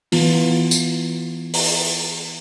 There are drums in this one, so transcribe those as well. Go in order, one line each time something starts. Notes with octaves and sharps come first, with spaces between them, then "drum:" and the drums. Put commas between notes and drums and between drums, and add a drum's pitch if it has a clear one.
E3 B3 F4, drum: open hi-hat
drum: tambourine
drum: open hi-hat